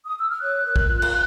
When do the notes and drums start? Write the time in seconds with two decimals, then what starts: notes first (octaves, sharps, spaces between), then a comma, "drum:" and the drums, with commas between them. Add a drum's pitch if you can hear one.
0.05 D#6
0.17 E6
0.30 F6
0.42 C#5 F#6
0.65 A#4
0.76 drum: kick
0.89 F4
1.02 drum: cymbal